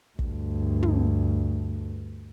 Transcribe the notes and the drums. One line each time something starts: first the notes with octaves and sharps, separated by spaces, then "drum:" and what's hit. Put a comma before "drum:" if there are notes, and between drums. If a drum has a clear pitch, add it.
D2 G2, drum: kick
drum: tom